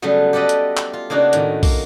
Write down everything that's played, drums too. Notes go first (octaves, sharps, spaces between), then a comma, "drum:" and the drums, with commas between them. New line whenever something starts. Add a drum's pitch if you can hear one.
C#3 F#3 G3 A3 B3
G4 A4 B4 D5 D#5
drum: hi-hat
drum: clap
F4
C#3 A#3 D4 D#4 F#4
A2 D#3, drum: hi-hat
A#3, drum: kick, open hi-hat